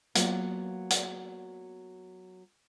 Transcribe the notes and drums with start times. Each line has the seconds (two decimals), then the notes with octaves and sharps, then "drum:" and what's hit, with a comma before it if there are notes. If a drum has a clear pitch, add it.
0.15 F#3 A#3 B3 F4, drum: hi-hat
0.90 drum: hi-hat